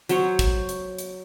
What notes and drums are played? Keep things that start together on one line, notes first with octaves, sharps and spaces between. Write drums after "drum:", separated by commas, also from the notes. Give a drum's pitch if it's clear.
F#3 C5 C#5, drum: hi-hat
drum: kick, hi-hat
drum: hi-hat
drum: hi-hat